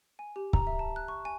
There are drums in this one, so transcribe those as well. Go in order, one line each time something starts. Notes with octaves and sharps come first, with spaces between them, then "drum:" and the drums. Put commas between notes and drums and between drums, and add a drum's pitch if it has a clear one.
G#5
G4
A#5, drum: kick C#1
E5
A5
F#6
C#6
G#5